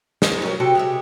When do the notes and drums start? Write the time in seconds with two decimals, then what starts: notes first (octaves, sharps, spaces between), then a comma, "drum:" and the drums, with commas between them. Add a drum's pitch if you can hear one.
0.22 G#4 A#4, drum: snare
0.42 F#3 A#4
0.60 C3 F#4 A4 G5
0.75 G#3 G4 E5